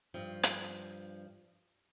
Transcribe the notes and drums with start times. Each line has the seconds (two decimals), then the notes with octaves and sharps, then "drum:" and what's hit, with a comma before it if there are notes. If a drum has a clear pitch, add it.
0.14 G2 F3
0.43 drum: hi-hat